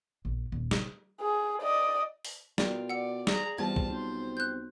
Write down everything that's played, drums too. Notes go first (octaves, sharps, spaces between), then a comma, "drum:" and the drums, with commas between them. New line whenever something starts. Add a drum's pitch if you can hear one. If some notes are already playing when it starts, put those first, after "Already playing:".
A#1
D#1
C#3, drum: snare
G#4
D5 D#5
drum: open hi-hat
B2 F4 A#4 D5 G5 F7, drum: snare
D5 F#5 E6 C#7
G#4 D5 A#5, drum: snare
E2 G3 C4 F4 A5 G#6
drum: kick
B1 C5
F#6 G6